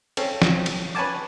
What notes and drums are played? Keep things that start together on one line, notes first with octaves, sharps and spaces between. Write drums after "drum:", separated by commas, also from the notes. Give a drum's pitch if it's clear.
C4 C#4 A4, drum: cymbal
drum: snare
drum: cymbal
B4 C#5 G#5 A5 D6